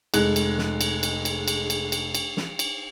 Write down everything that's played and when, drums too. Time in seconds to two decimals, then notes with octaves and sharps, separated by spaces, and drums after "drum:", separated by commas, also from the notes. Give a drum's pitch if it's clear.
0.14 F1 G#3 F#6, drum: cymbal
0.36 drum: cymbal
0.58 drum: snare
0.81 drum: cymbal
1.03 drum: cymbal
1.25 drum: cymbal
1.48 drum: cymbal
1.70 drum: cymbal
1.92 drum: cymbal
2.15 drum: cymbal
2.37 drum: snare
2.59 drum: cymbal